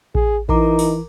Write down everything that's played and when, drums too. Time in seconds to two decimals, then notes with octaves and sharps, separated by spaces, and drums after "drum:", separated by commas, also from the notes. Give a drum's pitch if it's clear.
0.15 G#4, drum: kick A1
0.49 E3 D#4 A#4 A#5 D6, drum: kick A1
0.79 drum: open hi-hat